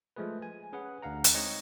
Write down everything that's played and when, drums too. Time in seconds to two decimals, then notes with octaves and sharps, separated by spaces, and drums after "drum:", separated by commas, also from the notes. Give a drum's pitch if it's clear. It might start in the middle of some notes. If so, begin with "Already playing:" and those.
0.16 F3 G#3 A3 G#4 B4
0.42 G#5
0.73 C#4 G#4 B4 F#5
1.02 D2 D4 F5 F#5 A#5
1.24 drum: hi-hat
1.34 G#3 C4 D#4 C#5 D#5 C#7